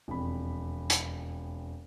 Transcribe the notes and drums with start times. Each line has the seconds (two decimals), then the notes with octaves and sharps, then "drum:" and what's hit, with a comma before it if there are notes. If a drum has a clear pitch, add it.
0.08 E1 F2 B5
0.90 drum: hi-hat